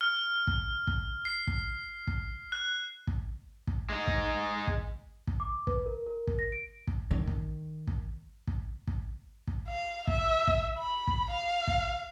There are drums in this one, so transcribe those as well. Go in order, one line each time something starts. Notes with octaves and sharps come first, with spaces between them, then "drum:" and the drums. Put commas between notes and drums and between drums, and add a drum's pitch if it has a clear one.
F6
drum: kick
drum: kick
C7
drum: kick
drum: kick
F#6
drum: kick
drum: kick
G#3 D#4
drum: kick
drum: kick
drum: kick
D6
B4, drum: kick
A#4
A#4
drum: kick
A#6
D7
drum: kick
D#3
drum: kick
drum: kick
drum: kick
drum: kick
drum: kick
F5
E5, drum: kick
drum: kick
B5
drum: kick
F5
drum: kick